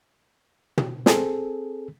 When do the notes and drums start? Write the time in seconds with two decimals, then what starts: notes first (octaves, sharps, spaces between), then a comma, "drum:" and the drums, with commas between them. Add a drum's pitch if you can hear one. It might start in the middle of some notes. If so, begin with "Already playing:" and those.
0.77 drum: tom
1.06 C4 G#4 A4, drum: snare